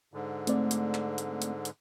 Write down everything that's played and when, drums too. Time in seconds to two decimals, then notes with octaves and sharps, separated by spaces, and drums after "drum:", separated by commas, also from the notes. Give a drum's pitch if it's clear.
0.14 G#2 D3
0.47 A3 C4 D5, drum: hi-hat
0.71 drum: hi-hat
0.94 drum: clap
1.18 drum: hi-hat
1.42 drum: hi-hat
1.65 drum: hi-hat